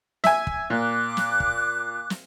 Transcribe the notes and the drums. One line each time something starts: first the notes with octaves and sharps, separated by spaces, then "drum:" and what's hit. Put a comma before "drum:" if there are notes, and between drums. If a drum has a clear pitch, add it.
E5 G#5, drum: snare
drum: kick
A#2 D6 F#6
drum: snare
drum: kick
drum: snare